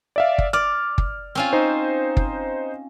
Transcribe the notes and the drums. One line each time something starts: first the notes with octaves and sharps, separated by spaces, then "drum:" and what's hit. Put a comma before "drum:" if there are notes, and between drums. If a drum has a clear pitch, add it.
D5 E5 F5
drum: kick
D5 F6
drum: kick
C4 C#4 F4
D#4 C5
drum: kick